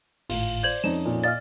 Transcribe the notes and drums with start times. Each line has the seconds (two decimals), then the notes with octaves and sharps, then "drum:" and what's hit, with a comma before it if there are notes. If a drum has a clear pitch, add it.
0.29 G#1 A2 F4, drum: open hi-hat
0.63 C5 D5 G6 G#6 F#7
0.84 F2 C4 C#4 D#4 E7
1.05 A#2
1.24 D5 D#5 F5 F6 A6